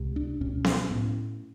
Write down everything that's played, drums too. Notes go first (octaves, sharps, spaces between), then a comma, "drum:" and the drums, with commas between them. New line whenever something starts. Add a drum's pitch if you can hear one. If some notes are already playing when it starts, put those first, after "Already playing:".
Already playing: C#2 C3
D4
C#2 B2 C#4
C#4, drum: snare B3
A2 C#4